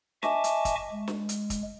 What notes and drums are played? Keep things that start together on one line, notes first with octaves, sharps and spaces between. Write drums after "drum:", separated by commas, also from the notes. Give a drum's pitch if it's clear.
D#5 E5 G#5 A5 C#6 D6, drum: snare
drum: hi-hat
drum: kick, hi-hat
G#3
drum: snare
drum: hi-hat
drum: kick, hi-hat